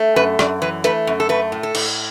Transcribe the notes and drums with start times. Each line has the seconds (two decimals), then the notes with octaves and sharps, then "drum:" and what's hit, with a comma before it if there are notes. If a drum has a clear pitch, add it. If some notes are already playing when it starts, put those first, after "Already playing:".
Already playing: A3
0.16 F#2 B4
0.39 F#2 D5, drum: rim click
0.62 E3 B4
0.84 A3 B4, drum: hi-hat
1.07 F#2
1.20 A4
1.29 A3 B4
1.52 A2
1.63 A4
1.75 A2, drum: cymbal